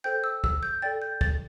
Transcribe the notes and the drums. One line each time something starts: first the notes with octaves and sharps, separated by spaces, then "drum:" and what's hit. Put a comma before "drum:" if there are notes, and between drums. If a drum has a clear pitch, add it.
A4 C5 G5 G6
E6
E6, drum: kick
G6
A4 D5 G5 A6
G6
A6, drum: kick